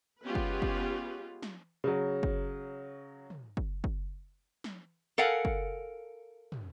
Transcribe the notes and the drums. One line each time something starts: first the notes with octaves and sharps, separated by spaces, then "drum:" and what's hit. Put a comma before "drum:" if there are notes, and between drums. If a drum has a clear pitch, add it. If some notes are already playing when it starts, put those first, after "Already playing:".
G#3 B3 C#4 F4 G4 B4
drum: kick
drum: kick
drum: snare
C#3 F#3
drum: kick
drum: tom
drum: kick
drum: kick
drum: snare
A4 A#4 F5 F#5 G#5
drum: kick
drum: tom